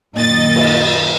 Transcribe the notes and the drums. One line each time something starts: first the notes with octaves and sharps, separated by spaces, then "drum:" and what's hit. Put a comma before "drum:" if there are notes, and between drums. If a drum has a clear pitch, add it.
F#2 A#2 D#3 D#5 A6
drum: cymbal